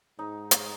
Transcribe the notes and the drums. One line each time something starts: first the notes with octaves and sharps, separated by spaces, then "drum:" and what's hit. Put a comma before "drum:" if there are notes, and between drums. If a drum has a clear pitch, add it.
G#2 D#4
drum: hi-hat